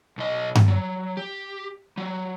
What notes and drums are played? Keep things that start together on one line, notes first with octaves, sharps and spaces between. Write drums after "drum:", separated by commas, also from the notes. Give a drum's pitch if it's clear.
B1 D#5
drum: tom G2
F#3
G4
F#3